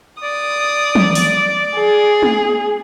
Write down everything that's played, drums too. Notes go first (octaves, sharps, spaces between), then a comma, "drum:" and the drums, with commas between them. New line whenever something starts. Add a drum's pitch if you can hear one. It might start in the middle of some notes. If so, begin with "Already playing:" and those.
D5 D#6
drum: tom
drum: open hi-hat
G#4
drum: tom